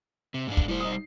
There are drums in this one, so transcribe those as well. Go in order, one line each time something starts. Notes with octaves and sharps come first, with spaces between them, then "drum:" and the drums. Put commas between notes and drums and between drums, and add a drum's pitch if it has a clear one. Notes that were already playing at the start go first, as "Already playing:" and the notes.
C3
G#2 G#3 D4
drum: kick
A2 G3 C5
D#4 D#6
C7